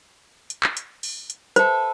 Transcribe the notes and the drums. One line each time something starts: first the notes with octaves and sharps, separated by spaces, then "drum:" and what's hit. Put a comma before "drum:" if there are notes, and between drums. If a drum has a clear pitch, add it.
drum: hi-hat
drum: clap
drum: hi-hat
drum: open hi-hat
drum: hi-hat
A4 B4 C5 E5, drum: hi-hat